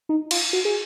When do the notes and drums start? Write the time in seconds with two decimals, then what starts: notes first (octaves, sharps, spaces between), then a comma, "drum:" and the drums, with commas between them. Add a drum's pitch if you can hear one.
0.09 D#4
0.31 F4, drum: cymbal
0.53 F#4
0.65 G#4